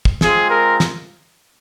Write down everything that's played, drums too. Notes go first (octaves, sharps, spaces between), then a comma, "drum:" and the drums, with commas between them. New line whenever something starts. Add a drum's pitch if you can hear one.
drum: kick
G#3 C4 F4 G#4, drum: snare
A#4
drum: snare